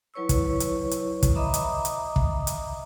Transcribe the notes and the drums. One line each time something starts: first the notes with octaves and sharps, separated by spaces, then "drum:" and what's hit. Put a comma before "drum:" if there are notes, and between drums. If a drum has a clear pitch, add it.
F#3 E4 B4 C#5 C#6 E6
drum: kick, hi-hat
drum: hi-hat
drum: hi-hat
drum: kick, hi-hat
D#5 E5 A#5 B5 D6 D#6
drum: hi-hat
drum: hi-hat
drum: kick
drum: hi-hat